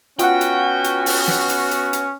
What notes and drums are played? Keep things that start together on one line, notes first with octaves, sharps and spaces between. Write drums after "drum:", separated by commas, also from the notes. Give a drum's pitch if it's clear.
B3 C#4 F4 F#4 F#5 G5, drum: hi-hat
drum: hi-hat
drum: hi-hat
drum: open hi-hat
drum: snare
drum: hi-hat
drum: hi-hat
drum: hi-hat